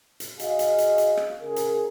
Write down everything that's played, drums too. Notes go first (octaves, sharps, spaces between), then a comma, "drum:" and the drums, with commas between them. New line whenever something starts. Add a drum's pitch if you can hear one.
drum: hi-hat
F#4 G#4 D#5 F5, drum: hi-hat
drum: hi-hat
drum: hi-hat
drum: hi-hat
drum: rim click
C#3 G#4 A#4
drum: hi-hat